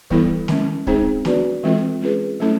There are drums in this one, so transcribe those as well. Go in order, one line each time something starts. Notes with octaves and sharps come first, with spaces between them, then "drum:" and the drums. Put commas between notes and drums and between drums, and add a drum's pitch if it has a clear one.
E3 G3 B3 E4 A4, drum: kick
D#3 G#3 C#4, drum: snare
G#3 C4 D#4 G#4 C5, drum: kick
B3 D4 F#4 B4 D5, drum: snare
E3 G#3 C4 F4 A4
G#3 C#4 F4 G#4 B4
F#3 A3 C#4 E4 A4